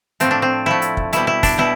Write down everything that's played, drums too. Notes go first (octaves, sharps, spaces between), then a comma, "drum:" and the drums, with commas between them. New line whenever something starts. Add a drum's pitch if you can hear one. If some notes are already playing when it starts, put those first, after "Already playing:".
A2 F3 A3 C4, drum: hi-hat
D4
C4
A2 F3 A3 E4
drum: hi-hat
drum: kick
B2 G3 E4, drum: hi-hat
E4
D4, drum: kick, open hi-hat
B2 G3 E4